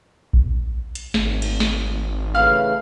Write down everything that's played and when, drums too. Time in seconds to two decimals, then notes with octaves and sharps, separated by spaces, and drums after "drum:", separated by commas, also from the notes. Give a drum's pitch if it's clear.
0.33 drum: kick A#1
0.95 drum: hi-hat
1.14 G#1, drum: snare
1.42 drum: cymbal
1.60 drum: snare
2.35 C#3 E3 A3 F5 B5 F6